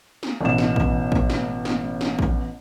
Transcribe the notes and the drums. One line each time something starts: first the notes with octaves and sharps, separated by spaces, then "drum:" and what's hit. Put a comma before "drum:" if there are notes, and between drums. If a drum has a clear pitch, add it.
drum: snare
A1 B2 E3 B3 E7
drum: snare
drum: kick
drum: kick
drum: snare
drum: snare
drum: snare
drum: kick